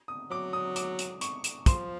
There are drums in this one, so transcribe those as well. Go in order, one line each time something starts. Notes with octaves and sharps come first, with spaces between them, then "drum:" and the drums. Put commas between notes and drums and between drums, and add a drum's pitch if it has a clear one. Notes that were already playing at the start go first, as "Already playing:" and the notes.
D#6
F#3 D6
D#6
D6, drum: hi-hat
drum: hi-hat
C#6, drum: hi-hat
drum: hi-hat
F3 C6, drum: kick, hi-hat